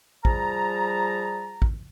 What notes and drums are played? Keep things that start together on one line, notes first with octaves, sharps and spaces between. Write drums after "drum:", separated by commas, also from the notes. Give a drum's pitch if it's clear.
F3 G3 G#4 A5 A#5, drum: kick
drum: kick